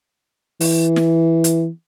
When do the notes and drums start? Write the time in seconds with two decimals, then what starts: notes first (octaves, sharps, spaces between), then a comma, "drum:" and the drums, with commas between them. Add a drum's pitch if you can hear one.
0.60 E3, drum: open hi-hat
0.96 drum: snare
1.44 drum: hi-hat